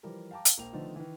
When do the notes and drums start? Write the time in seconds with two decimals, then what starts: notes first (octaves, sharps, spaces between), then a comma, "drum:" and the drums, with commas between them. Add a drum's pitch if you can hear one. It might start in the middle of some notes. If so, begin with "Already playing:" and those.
0.03 E3 F3 G3 A#4
0.31 F5 G5 A5 A#5 D6
0.45 drum: hi-hat
0.58 A#1 A#3 G5 F7
0.73 D3 D#3 F3 A3 B3 D#4
0.96 D#3 E3